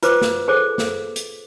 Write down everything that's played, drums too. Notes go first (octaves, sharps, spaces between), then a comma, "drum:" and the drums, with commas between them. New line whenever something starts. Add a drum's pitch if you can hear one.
F4 B4 C5 D6, drum: hi-hat
drum: snare
G#4 A4 C5 D6
drum: snare
drum: hi-hat